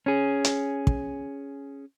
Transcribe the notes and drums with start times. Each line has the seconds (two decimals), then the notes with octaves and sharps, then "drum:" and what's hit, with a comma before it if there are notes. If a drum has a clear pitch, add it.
0.06 C#4 G#4
0.44 drum: hi-hat
0.87 drum: kick